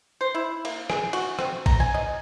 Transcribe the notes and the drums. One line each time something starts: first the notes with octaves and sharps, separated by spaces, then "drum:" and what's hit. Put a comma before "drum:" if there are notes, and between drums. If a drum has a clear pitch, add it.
C5
E4
A#3, drum: cymbal
G#4, drum: rim click
F#4, drum: cymbal
C4, drum: rim click
A#5, drum: kick A1, cymbal
G#5
D#5